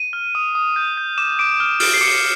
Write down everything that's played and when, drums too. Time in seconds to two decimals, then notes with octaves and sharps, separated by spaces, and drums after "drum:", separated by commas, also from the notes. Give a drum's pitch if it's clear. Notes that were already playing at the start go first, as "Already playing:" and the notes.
Already playing: D#7
0.13 F6
0.35 D#6
0.55 D#6
0.76 G6
0.97 G6
1.18 D6 E7
1.39 D6 D7
1.60 F6
1.80 F6 D7, drum: open hi-hat
1.94 C7
2.01 D6 C#7